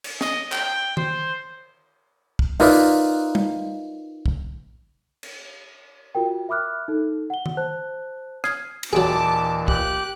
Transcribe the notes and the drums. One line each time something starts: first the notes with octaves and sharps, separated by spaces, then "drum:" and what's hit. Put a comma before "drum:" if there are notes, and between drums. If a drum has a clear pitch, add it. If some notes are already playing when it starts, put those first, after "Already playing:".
drum: cymbal
D#5, drum: snare
G5, drum: clap
C5, drum: tom D#3
drum: kick
D#4 F4 A#4 B4 D5 E5, drum: open hi-hat
drum: tom G3
drum: kick
drum: cymbal
F4 F#4 A#4 G5
E5 B5 D6 F6 F#6
D#4 A4
F#5 G7
drum: tom D#3
C5 A5 F#6
D#6 F6 G#6 C7, drum: rim click
drum: cymbal
D#2 A#2 E3 F#3 G#4 A5 D6
G4 F#6, drum: kick